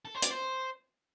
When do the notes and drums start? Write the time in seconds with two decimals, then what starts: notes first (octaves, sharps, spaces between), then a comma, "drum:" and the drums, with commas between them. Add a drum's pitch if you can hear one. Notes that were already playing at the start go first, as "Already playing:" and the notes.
0.05 A4
0.15 C5
0.22 D5, drum: hi-hat
0.31 C5